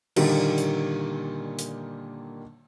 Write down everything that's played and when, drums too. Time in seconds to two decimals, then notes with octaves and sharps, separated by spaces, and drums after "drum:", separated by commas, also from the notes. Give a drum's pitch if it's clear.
0.16 A#2 D3 D#3 G3 A#3, drum: cymbal
0.58 drum: hi-hat
1.59 drum: hi-hat